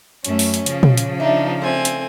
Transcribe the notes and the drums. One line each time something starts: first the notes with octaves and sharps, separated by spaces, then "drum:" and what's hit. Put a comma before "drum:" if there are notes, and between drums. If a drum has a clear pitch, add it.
F#2 A3 C#4, drum: hi-hat
drum: open hi-hat
drum: hi-hat
C#3 F3, drum: hi-hat
drum: tom
drum: hi-hat
D4 D#4 E5
A3 C4 G#5
drum: hi-hat